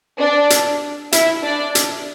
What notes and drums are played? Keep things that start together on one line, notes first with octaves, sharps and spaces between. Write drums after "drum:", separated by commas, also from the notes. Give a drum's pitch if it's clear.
D4 D5
drum: hi-hat
E4 E5, drum: hi-hat
D4 D5
drum: hi-hat